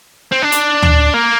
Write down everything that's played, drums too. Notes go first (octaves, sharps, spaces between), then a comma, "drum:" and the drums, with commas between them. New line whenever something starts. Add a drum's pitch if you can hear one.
C4
D4
drum: hi-hat
drum: tom
A#3